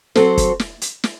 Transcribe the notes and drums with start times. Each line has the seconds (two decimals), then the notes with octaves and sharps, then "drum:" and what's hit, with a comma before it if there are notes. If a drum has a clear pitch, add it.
0.15 F#3 C4 F#4 A4 C5, drum: snare
0.37 drum: kick, hi-hat
0.60 drum: snare
0.82 drum: hi-hat
1.04 drum: snare